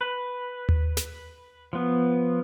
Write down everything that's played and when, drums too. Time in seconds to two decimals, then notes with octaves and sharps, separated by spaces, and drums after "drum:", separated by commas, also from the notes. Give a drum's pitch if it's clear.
0.01 B4
0.69 drum: tom D#2
0.97 drum: snare
1.73 F3 B3